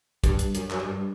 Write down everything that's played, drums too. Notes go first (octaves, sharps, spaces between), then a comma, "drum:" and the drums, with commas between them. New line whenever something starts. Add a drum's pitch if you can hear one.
G2, drum: kick, hi-hat
drum: hi-hat
F#2, drum: hi-hat
F#2, drum: clap
G2